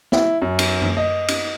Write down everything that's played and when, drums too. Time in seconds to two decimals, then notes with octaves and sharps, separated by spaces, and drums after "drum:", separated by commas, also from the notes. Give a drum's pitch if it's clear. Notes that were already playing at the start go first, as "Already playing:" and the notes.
0.12 E4, drum: snare
0.42 F#2
0.59 drum: cymbal
0.82 drum: tom
0.97 D#5
1.28 drum: cymbal